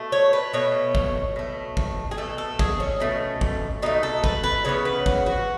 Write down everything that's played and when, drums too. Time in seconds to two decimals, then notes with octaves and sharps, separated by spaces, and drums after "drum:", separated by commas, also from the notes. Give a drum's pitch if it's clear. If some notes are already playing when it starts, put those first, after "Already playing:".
Already playing: B2 A3
0.12 C#5
0.33 B4
0.53 B2 A3 C#5
0.95 drum: kick
1.36 B2 A3
1.77 drum: kick
2.11 G#4
2.18 B2 A3 A4
2.38 A4
2.59 G#4, drum: kick
2.80 C#4
3.00 B2 A3
3.41 drum: kick
3.82 B2 A3 D#4
4.03 A4
4.24 B4, drum: kick
4.44 B4
4.65 C#3 E3 B3 C#5
4.85 B4
5.06 F#4, drum: kick
5.26 F#4